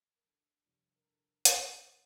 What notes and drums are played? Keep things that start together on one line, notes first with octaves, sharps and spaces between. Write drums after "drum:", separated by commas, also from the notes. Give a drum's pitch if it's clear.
A#4
G1 A4
F2 C3 G3 D4
A#4
G1 A4
F2 C3 G3 D4, drum: hi-hat